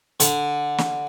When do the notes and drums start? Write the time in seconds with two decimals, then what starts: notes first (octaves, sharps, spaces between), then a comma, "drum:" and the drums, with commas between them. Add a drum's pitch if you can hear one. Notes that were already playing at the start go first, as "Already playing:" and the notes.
0.20 D3, drum: hi-hat
0.78 drum: snare